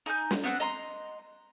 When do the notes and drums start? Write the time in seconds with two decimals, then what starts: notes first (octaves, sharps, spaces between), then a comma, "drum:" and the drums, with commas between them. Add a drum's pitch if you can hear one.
0.06 D#4 G#5 D#6 G6
0.31 drum: snare
0.43 B3 C4 F#5 F#6
0.60 D#5 A#5 C6